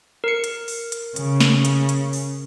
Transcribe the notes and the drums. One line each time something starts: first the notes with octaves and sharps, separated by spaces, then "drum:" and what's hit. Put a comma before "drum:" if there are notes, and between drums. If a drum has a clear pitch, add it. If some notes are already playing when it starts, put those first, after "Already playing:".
A#4 C#7
drum: hi-hat
drum: open hi-hat
drum: hi-hat
C#3, drum: hi-hat
drum: snare
drum: hi-hat
drum: hi-hat
drum: open hi-hat